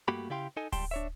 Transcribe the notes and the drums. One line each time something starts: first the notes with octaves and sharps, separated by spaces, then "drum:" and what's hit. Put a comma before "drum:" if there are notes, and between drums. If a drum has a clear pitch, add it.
G2 A3 A#3 F#4 G4 B5
C#3 E4 G4 F5 G5 C6
D#4 A4 D#5 G#5
C#2 G3 G5 A5 C6, drum: kick D1, open hi-hat
D4 C#5 E5